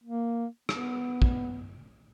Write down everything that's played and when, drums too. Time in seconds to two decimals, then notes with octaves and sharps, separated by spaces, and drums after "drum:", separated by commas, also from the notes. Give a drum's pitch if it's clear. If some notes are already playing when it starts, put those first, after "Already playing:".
0.04 A#3
0.69 B3, drum: rim click
1.22 drum: kick